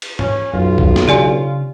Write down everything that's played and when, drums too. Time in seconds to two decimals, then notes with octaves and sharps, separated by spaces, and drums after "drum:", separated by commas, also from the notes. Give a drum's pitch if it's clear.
0.02 drum: cymbal
0.19 C#4, drum: tom G#2
0.53 B1 F#2 F4
0.78 drum: kick C2
0.96 drum: snare
1.08 C#3 C#4 D4 G4 D5 G#5